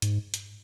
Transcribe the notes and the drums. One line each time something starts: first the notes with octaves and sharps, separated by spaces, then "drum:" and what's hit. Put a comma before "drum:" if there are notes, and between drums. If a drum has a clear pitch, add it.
G#2, drum: hi-hat
drum: hi-hat